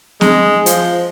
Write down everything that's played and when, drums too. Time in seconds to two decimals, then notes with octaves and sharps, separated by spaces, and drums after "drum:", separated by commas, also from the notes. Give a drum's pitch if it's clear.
0.21 G#3, drum: snare
0.66 F3, drum: hi-hat